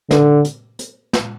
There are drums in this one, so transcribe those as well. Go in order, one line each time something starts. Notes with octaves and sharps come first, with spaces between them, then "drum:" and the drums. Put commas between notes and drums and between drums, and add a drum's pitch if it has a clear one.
D3, drum: snare
drum: hi-hat
drum: hi-hat
drum: snare